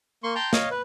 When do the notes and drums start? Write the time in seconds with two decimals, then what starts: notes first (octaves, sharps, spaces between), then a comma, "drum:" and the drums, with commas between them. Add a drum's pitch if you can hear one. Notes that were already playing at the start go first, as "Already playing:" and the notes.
0.23 A#3 C6 C#6
0.35 G5 A5 A#5 C6 G6
0.53 C#5 D#5 F5, drum: snare
0.71 B4